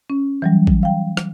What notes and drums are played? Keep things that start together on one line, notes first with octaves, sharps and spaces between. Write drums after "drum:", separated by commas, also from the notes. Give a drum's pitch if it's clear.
C#4
E3 F#3 G3
drum: kick A1
F5 G5
drum: rim click